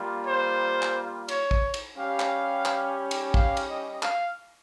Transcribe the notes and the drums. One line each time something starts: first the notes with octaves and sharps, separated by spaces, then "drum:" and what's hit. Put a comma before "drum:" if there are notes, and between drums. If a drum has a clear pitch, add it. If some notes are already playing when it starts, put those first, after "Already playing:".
Already playing: G3 A#3 F4
C5
drum: clap
C#5, drum: cymbal
drum: kick
drum: cymbal
G3 C#4 G4 F5
drum: clap
drum: clap
drum: cymbal
F5, drum: kick
drum: cymbal
D#5
F5, drum: clap